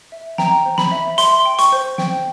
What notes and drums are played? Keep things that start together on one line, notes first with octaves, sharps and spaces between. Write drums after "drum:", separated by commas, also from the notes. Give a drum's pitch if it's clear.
E5
G5 A#5, drum: snare
C5
B5, drum: snare
E5
E5 C6, drum: hi-hat
G5
C#6, drum: hi-hat
C5
G5, drum: snare